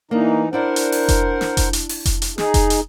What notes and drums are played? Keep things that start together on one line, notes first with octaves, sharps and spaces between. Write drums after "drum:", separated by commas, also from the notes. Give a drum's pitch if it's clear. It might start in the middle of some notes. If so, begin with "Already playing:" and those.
E3 A#3 D4 D#4
D4 E4 A#4 C5 D5 F#5
drum: hi-hat
drum: open hi-hat
drum: kick F1, hi-hat
drum: snare
drum: kick F1, hi-hat
drum: hi-hat
drum: open hi-hat
drum: kick F1, hi-hat
drum: hi-hat
D#4 G#4, drum: snare
drum: kick F1, hi-hat
drum: hi-hat